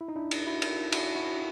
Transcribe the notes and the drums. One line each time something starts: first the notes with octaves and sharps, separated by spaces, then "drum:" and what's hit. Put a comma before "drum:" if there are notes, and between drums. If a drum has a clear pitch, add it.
E4
D#4
D4 E4
drum: cymbal
E4 F#4
drum: cymbal
E4 F#4, drum: cymbal
E4 F#4